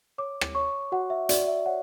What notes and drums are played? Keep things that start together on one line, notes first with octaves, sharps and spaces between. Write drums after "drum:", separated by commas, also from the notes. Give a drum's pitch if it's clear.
C#5 D6
drum: rim click
C#5 C#6
F#4 F#5
E5
F#4 D5, drum: hi-hat
E5
C#5 F#5